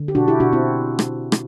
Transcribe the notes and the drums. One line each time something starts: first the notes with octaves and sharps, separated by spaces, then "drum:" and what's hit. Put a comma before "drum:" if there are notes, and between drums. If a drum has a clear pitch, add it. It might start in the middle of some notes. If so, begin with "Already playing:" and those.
Already playing: D3
G4
B2 D4 F#4
E4 G4
B2 D4 F#4
C4 E4
drum: rim click
drum: rim click